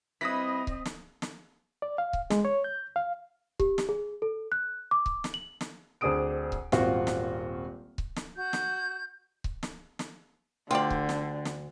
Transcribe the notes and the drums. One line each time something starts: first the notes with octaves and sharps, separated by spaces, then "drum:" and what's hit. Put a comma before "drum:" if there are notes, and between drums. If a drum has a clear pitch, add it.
G3 C4 E4 B4 D#5 D#6 A#6 B6
drum: kick C#1
drum: snare
drum: snare
D5
F5
drum: kick C#1
G#3, drum: snare
C#5
G6
F5
G4, drum: kick C#1
drum: snare
G#4
A4
F#6
D6
drum: kick C#1
drum: snare
F#7
drum: snare
D2 C4 D4 G#4 D#6 D7
drum: kick C#1
D#1 G#1 C4 F4 F#4, drum: snare
drum: snare
drum: kick C#1
drum: snare
F#4 G6
drum: snare
drum: kick C#1
drum: snare
drum: snare
D2 D3 F4 G4 D5 G5 C6
drum: kick C#1
drum: snare
drum: snare